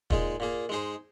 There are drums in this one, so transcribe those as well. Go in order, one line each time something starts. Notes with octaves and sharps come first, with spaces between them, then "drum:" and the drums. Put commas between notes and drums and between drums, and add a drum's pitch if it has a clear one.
A#2 G#3 D#4 G#4, drum: kick
A#2 A#3 G#4
G#3 D#4 G#4 C5